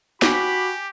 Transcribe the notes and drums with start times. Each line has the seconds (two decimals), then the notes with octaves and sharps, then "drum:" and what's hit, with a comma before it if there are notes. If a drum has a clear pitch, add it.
0.22 F#4 G4 G#5 B5 D6, drum: snare